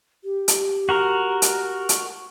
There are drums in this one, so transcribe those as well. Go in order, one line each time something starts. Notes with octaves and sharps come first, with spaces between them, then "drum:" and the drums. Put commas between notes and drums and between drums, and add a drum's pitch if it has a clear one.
G4
drum: hi-hat
F#4 A#4
drum: hi-hat
drum: hi-hat